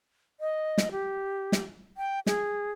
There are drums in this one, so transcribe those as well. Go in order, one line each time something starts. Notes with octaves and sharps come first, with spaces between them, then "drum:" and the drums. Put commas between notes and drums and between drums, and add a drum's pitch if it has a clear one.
D#5
drum: snare
G4
drum: snare
G5
G#4, drum: snare